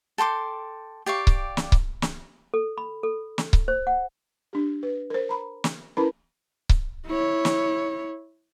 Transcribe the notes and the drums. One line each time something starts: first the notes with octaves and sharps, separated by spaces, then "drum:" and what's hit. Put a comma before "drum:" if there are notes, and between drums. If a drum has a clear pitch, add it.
A4 G5 C6 D6
G4 D5 F5 C#6
drum: kick C#1
drum: snare
drum: kick C#1
drum: snare
A4
B5
A4
drum: snare
drum: kick C#1
C5
F#5
D4 G4
B4
A#4 C5
A#5 B5
drum: snare
C#4 E4 A#4 B4 A5 B5
drum: kick C#1
E4 C#5
drum: snare